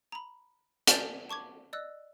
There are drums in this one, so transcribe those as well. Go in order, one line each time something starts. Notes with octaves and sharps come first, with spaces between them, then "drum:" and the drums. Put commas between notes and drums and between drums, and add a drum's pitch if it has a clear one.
A#5 B5
G#5 A5 C#6 F6 G6 A6, drum: hi-hat
A5 C#6 D6 G#6
D5 D#5 E6 F#6